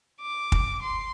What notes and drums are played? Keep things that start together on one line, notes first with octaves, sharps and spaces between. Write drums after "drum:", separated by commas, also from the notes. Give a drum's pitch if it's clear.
D6
drum: kick
C6